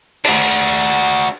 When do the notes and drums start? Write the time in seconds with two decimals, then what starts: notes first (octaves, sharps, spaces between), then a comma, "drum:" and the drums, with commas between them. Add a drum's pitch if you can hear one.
0.25 D4 F#4, drum: cymbal